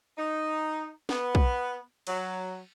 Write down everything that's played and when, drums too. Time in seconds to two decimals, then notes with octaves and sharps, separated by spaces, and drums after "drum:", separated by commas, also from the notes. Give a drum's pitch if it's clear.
0.18 D#4
1.09 B3, drum: snare
1.35 drum: kick
2.07 F#3, drum: cymbal